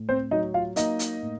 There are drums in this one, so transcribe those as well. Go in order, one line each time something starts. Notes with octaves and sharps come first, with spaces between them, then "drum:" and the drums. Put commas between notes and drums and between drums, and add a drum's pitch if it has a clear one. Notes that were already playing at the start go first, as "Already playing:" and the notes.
Already playing: A2
C4 C5
F#3 D#4 D#5
F4 F5
A#3 D#4 D#5, drum: hi-hat
drum: hi-hat
A2